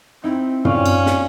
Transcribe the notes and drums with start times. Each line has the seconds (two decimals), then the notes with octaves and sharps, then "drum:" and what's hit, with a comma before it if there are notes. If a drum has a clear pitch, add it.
0.24 C4 D#4 E4
0.65 C#4 F4 D5 F5, drum: tom
0.86 drum: cymbal
1.06 drum: snare